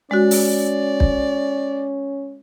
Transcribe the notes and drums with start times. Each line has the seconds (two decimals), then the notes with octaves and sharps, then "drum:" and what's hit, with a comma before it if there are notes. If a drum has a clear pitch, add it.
0.11 G#3 C#4 F#4 D5
0.31 drum: open hi-hat
1.00 drum: kick